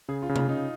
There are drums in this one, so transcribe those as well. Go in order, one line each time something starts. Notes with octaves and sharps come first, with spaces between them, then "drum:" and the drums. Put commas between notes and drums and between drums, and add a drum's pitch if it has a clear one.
C#3 G#4
F4
C#3
F4, drum: tom C3
C#3 D#4